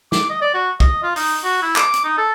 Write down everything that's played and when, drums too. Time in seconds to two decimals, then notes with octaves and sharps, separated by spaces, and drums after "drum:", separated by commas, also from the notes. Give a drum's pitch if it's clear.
0.12 D6, drum: snare
0.30 D#5
0.42 D5
0.54 F#4
0.80 D#5, drum: kick
1.03 F4
1.16 D#4, drum: open hi-hat
1.44 F#4
1.62 E4
1.76 D6, drum: clap
1.94 drum: hi-hat
2.04 D#4
2.18 A4